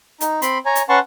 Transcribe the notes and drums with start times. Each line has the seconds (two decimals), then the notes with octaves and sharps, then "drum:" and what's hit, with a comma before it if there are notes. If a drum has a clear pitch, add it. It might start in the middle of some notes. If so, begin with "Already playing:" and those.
0.21 D#4, drum: hi-hat
0.42 C4 B5 C6, drum: hi-hat
0.66 C#5 G#5 A#5
0.75 drum: hi-hat
0.89 C#4 B4 F#5 A5 C6 C#6